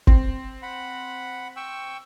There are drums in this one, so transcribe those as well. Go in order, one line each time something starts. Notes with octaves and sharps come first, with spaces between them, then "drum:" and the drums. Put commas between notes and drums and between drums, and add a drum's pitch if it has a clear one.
C4, drum: kick G1
F#5 B5
G5 C#6 E6